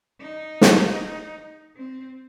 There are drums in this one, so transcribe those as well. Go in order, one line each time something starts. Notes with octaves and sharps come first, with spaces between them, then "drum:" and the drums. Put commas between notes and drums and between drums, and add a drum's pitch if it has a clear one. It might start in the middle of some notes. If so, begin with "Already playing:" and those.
D#4
drum: snare
C4